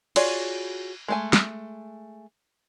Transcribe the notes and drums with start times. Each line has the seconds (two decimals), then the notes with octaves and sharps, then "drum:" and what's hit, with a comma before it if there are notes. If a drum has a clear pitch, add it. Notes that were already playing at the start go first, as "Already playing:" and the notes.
0.16 F4 F#4 G#4 C#5 D5, drum: cymbal
1.08 G#3 A3 G#5
1.33 drum: snare